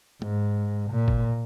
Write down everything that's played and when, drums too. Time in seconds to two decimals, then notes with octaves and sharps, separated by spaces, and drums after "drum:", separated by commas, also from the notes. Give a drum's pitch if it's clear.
0.22 G#2, drum: tom
0.91 A#2
1.08 drum: kick